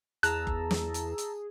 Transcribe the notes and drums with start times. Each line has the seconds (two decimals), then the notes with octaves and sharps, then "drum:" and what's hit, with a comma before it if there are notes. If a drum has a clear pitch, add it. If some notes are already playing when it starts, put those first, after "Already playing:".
0.23 E2 G#4 A5 A#5 E6 F#6, drum: hi-hat
0.47 drum: kick F#1
0.71 drum: snare
0.94 drum: hi-hat
1.18 drum: hi-hat